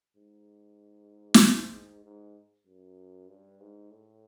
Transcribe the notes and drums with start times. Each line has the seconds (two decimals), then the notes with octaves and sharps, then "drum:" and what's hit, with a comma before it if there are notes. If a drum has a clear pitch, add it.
0.16 G#2
1.34 drum: snare
2.04 G#2
2.67 F#2
3.29 G2
3.60 G#2
3.91 A2